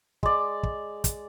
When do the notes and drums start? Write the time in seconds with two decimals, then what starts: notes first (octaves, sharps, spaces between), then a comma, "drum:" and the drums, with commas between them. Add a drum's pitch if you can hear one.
0.23 G#3 D5, drum: kick
0.63 drum: kick
1.04 drum: kick, hi-hat